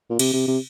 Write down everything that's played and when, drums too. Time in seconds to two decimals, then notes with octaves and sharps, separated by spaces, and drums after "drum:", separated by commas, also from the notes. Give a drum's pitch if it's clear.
0.10 A#2
0.19 C3, drum: cymbal
0.34 C3
0.48 C3